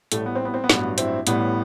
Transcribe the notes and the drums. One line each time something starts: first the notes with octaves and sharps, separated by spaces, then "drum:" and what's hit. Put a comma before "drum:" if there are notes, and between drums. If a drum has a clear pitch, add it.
A1 A2 G3 A3, drum: hi-hat
B3
C4
B3
C4
B3
A1 G2 F#3, drum: snare
C4 E4, drum: hi-hat
A1 A2 G3 B3, drum: hi-hat